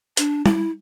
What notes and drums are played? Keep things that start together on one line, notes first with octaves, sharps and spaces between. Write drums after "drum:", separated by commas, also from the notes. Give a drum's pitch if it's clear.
D4, drum: hi-hat
E4, drum: tom G3